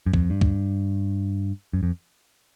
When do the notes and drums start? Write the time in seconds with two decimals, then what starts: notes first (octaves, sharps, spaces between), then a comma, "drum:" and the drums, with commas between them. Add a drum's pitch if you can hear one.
0.06 F#2
0.13 F2, drum: kick
0.30 G2
0.41 drum: kick
1.73 F#2
1.83 F2